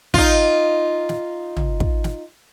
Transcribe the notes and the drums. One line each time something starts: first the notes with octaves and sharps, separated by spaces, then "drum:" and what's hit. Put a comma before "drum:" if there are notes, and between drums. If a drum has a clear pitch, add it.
D#4 F4, drum: kick
drum: snare
drum: tom
drum: kick
drum: snare